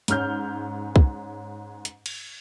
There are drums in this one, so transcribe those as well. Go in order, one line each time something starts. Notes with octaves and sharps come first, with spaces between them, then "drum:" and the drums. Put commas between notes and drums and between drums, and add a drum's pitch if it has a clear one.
G#2 C#4 F6 G6, drum: hi-hat
drum: kick C2
drum: hi-hat
drum: cymbal